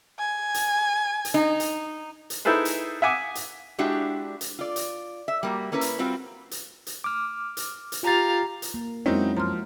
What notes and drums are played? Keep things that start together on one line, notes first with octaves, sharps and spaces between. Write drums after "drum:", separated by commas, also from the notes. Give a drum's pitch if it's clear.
G#5
drum: hi-hat
drum: hi-hat
D#4
drum: hi-hat
drum: hi-hat
D#4 E4 G#4 A4 B4 C5
drum: hi-hat
E5 F#5 G#5 D6 D#6
drum: hi-hat
G#3 D4 E4 F#4 G4
drum: hi-hat
F4 D5
drum: hi-hat
E5
G3 A#3 F#4
A#3 C#4 E4 A#4 B4
drum: hi-hat
G3 C4 F4 F#4
drum: hi-hat
drum: hi-hat
D6 F6
drum: hi-hat
drum: hi-hat
F4 G4 F5 A#5 A6
drum: hi-hat
A#3
F#2 G#3 C4 C#4 D#4 E4 F#4 A#4
F3 A#5 C6 F6